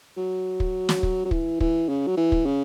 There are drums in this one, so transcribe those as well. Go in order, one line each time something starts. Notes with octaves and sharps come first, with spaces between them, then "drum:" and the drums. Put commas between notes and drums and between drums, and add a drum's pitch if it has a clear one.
F#3
drum: kick
drum: snare
drum: kick
F#3
E3, drum: kick
E3, drum: kick
C#3
F#3
E3
drum: kick
C#3